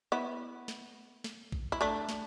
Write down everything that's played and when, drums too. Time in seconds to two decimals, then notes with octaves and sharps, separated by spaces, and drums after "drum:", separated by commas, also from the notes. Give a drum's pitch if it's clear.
0.12 B3 E4
0.68 drum: snare
1.24 drum: snare
1.52 drum: kick
1.72 E4
1.81 A3 D4
2.09 drum: snare